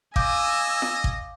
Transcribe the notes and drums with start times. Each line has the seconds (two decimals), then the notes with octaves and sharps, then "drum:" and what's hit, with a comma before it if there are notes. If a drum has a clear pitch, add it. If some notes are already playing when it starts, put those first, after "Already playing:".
0.16 D#5 F5 G#5 D6 E6 G6, drum: kick G#1
0.82 drum: snare
1.04 drum: kick G#1